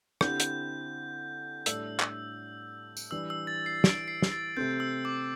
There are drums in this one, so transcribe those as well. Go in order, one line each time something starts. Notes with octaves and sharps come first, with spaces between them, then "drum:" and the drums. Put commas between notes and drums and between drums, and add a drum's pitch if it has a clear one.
D3 C4 E4 G4 G6, drum: rim click
drum: hi-hat
A2 G3 D4 A4 E6, drum: hi-hat
drum: clap
drum: tambourine
E3 G3 D4 E6
E6
A6
C7
D7, drum: snare
C7
drum: snare
A6
C3 A3 C4 G6
E6
D6